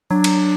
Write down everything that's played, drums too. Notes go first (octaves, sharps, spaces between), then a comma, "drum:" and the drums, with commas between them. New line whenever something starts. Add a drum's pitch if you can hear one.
F#3 D4
drum: cymbal